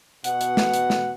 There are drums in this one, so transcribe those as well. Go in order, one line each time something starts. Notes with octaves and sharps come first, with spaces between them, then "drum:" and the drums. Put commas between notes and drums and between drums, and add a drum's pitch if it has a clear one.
B2 F#5, drum: hi-hat
drum: hi-hat
drum: snare
drum: hi-hat
drum: snare